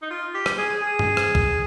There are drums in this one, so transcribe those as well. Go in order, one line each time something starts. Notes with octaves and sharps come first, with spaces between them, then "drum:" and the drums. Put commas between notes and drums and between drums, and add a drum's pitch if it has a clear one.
D#4
F4
G4
drum: rim click
G#4
G#4
drum: tom G2
drum: rim click
drum: kick